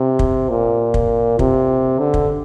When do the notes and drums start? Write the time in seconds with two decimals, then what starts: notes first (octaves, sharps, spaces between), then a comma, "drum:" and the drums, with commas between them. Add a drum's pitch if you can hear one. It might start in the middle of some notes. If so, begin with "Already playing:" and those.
Already playing: C3
0.19 drum: kick
0.49 A#2
0.94 drum: kick
1.39 C3, drum: kick
1.99 D3
2.14 drum: kick